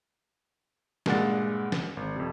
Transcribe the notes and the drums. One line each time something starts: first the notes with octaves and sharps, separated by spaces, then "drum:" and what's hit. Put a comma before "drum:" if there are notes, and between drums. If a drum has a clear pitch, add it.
G2 A#2 G#3 F#5 A6, drum: snare
drum: snare
G#1
F2 C3